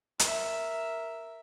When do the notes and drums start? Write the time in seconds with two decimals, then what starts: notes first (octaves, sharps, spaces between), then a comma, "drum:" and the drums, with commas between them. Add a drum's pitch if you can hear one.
0.19 A#4 E5, drum: hi-hat